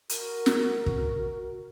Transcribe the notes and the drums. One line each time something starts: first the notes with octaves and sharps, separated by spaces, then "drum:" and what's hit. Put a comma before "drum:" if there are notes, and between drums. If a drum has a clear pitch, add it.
F#4 A#4, drum: hi-hat
drum: snare
drum: kick